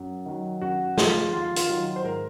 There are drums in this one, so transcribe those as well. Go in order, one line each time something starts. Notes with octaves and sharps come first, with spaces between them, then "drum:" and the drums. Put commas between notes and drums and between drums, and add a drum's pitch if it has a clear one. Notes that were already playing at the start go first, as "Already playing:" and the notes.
Already playing: F#2
D#3 F#3
F#2 F#4
F3 G#3 F4, drum: snare
D#2 F4
F4, drum: hi-hat
D#3 F#3
C5
G#2 A#4